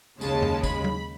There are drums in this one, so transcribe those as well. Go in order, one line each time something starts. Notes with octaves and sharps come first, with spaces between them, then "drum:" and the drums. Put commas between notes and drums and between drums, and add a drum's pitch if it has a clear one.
D#2 C#3 G#3 A5, drum: tambourine
drum: tom F2
B5, drum: kick G1, tambourine
drum: tom F#3